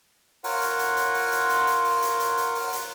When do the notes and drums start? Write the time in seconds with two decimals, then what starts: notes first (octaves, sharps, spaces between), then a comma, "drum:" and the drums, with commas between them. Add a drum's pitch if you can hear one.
0.44 F4 A#4 C#5 F#5, drum: open hi-hat
0.62 drum: hi-hat
0.79 drum: hi-hat
0.97 drum: hi-hat
1.14 drum: open hi-hat
1.32 drum: hi-hat
1.50 drum: hi-hat
1.67 drum: hi-hat
1.85 drum: open hi-hat
2.02 drum: hi-hat
2.20 drum: hi-hat
2.37 drum: hi-hat
2.55 drum: open hi-hat
2.73 drum: hi-hat